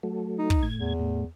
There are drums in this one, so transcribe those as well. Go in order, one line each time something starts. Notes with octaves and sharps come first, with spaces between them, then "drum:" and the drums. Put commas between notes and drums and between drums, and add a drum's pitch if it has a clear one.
F#3 A3
D#4
drum: kick
A2 G#6
E2
A2